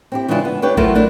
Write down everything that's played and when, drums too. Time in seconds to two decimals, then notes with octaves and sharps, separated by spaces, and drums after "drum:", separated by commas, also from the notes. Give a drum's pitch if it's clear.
0.12 C4 E4 G4
0.28 C#3 E3 G#3 D4 E4 F4
0.45 B3
0.62 D4 E4 G4 B4 C#5
0.77 F#3 A3 B3 E4 F4 A#4, drum: kick A1
0.95 A3 D4 E4